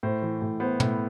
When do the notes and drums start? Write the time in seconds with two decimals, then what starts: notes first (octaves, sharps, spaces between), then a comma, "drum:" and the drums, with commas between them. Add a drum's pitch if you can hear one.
0.03 A2 C5
0.22 E3
0.42 A2
0.60 B3 C5
0.80 A2, drum: tom